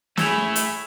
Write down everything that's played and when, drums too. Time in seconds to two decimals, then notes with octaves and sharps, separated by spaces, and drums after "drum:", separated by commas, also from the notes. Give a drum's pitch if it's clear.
0.17 A3 E4 G#4 B5 E6 G#6 F7, drum: snare
0.56 drum: hi-hat